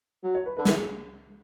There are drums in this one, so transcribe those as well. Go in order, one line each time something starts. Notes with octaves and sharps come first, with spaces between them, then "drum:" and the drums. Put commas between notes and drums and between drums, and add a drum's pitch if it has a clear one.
F#3
C#5
B4
D3 B4
E3 A4, drum: snare
G#4